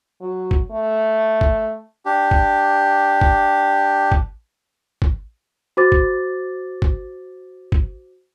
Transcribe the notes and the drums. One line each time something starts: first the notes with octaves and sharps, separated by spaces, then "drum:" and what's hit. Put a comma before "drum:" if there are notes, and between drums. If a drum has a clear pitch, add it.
F#3
drum: kick G#1
A3
drum: kick G#1
D4 G4
drum: kick G#1
drum: kick G#1
drum: kick G#1
drum: kick G#1
F#4 C5 D6 A6
drum: kick G#1
drum: kick G#1
drum: kick G#1